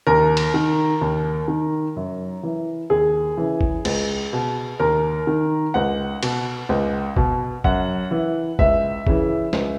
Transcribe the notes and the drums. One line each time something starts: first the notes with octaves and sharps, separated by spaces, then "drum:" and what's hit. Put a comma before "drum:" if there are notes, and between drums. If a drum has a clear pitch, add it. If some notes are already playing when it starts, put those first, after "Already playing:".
D#2 A#4
drum: cymbal
D#3
D#2
D#3
F#2
E3
D#2 G#4
C#3 E3
drum: kick G1
C#2, drum: cymbal
B2
D#2 A#4
D#3
C#2 F#5
B2, drum: cymbal
C#2
B2, drum: kick G1
F#2 F#5, drum: kick G1
E3
C#2 E5, drum: kick G1
C#3 E3, drum: kick G1
C#2, drum: snare